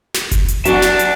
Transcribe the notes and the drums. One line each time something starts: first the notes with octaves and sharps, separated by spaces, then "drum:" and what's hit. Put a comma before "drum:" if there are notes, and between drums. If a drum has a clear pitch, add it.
drum: snare
drum: kick F#1, hi-hat
drum: hi-hat
F#3 D4 F#4 E5 F#5, drum: hi-hat
drum: snare
drum: hi-hat